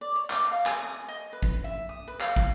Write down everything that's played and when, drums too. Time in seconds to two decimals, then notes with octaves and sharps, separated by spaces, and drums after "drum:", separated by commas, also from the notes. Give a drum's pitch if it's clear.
0.01 D5
0.16 C#5
0.30 D6, drum: clap
0.51 F5
0.66 G#5, drum: clap
0.83 D#6
1.08 D#5
1.33 B4
1.43 drum: kick
1.64 E5
1.89 D#6
2.08 B4
2.20 F5, drum: clap
2.36 drum: kick